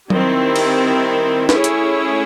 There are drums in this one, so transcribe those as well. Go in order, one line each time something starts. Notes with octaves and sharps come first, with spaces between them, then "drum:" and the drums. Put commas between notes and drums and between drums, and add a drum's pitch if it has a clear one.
D#3 G3 C4 E4, drum: tom F#3
drum: cymbal
A3 C#4 E4 G#4 C#5, drum: snare
drum: hi-hat